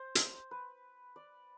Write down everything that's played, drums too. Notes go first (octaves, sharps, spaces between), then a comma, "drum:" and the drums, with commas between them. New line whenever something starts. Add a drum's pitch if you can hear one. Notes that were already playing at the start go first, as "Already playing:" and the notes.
Already playing: C5
drum: hi-hat
B4
D5